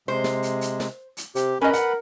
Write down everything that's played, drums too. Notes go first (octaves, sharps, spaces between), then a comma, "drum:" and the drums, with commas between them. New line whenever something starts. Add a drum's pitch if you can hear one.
C3 G#3 C5
drum: snare
drum: hi-hat
drum: hi-hat
drum: snare
drum: hi-hat
C3 G4, drum: hi-hat
C#4 A#4 B4 D#5 B5
F#5, drum: hi-hat